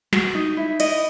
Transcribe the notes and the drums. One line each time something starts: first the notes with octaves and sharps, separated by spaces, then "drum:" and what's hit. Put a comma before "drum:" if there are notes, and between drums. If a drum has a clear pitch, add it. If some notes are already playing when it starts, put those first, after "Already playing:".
F#4, drum: snare
D#4
E4
D#5, drum: cymbal